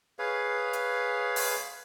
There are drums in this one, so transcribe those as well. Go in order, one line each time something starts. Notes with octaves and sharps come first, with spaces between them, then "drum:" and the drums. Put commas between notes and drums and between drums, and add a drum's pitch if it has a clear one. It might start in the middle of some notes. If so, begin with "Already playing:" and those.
G#4 B4 C#5 F5
drum: hi-hat
drum: open hi-hat